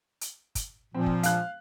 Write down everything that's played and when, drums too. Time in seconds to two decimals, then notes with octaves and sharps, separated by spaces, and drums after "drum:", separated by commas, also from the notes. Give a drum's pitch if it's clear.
0.21 drum: hi-hat
0.55 drum: kick, hi-hat
0.94 A#2 F3 C4
1.06 drum: kick
1.23 F5 F#6, drum: hi-hat